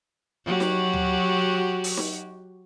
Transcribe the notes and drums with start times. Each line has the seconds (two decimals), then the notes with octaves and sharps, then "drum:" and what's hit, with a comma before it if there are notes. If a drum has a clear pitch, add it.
0.45 F#3 F#4 G4
0.60 drum: snare D#4
0.93 drum: tom D2
1.84 drum: open hi-hat
1.97 drum: snare D#4